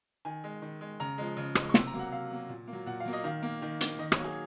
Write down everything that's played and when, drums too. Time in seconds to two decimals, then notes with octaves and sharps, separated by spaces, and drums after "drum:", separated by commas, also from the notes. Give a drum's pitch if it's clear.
0.25 D#3 G#5
0.44 G#3
0.62 D#3
0.81 G#3
1.00 C#3 A#5
1.18 F3 G#3
1.37 C#3
1.55 F3 G#3, drum: rim click
1.69 C#6
1.74 C3 C6, drum: snare
1.87 A#5
1.93 F#3 A#3
1.99 F#5
2.12 C3 F5
2.31 F#3 A#3
2.49 A#2
2.68 A#3
2.73 F#3
2.86 A#2 F#5
3.00 F5
3.05 F#3 A#3
3.13 D#5
3.24 D#3 F5
3.43 A#3
3.62 D#3
3.81 A#3, drum: hi-hat
3.99 D#3 D#5
4.12 C#5, drum: rim click
4.17 F#3 A#3
4.24 G#4